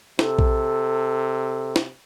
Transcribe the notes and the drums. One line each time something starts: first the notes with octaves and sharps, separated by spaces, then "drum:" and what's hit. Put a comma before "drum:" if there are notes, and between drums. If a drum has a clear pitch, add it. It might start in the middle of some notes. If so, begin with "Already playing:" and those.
C3 A4, drum: snare
drum: kick A#1
drum: snare